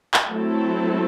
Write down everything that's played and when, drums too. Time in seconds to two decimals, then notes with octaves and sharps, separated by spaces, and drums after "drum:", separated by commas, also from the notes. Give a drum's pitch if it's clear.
0.14 drum: clap
0.31 F#3 A3 C4 E4 A4